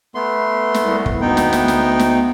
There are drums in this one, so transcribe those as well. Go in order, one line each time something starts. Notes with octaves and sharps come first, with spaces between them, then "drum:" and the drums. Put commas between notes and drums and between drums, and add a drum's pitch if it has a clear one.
A3 B3 C6
drum: snare
C2
drum: kick
D2 B3 D#4 G5
drum: snare
drum: snare
drum: snare
drum: snare